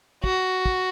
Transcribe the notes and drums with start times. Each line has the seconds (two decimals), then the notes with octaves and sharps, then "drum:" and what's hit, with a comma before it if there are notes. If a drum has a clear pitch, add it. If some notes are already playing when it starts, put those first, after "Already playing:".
0.24 F#4, drum: kick
0.66 drum: kick